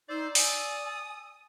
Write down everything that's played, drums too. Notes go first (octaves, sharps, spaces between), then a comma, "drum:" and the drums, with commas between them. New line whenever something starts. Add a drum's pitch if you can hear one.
D#4 C5 D5 E6
G#5 D#6, drum: open hi-hat